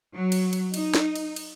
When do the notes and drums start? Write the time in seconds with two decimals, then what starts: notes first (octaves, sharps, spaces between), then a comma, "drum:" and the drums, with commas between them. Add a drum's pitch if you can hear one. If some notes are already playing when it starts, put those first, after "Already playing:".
0.16 F#3
0.32 drum: cymbal
0.53 drum: cymbal
0.74 D#4, drum: cymbal
0.95 drum: snare
1.15 drum: cymbal
1.36 drum: cymbal